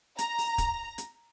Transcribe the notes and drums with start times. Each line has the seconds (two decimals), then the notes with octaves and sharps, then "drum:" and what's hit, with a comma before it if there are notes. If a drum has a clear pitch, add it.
0.18 A#5, drum: hi-hat
0.38 drum: open hi-hat
0.58 drum: kick, hi-hat
0.98 drum: hi-hat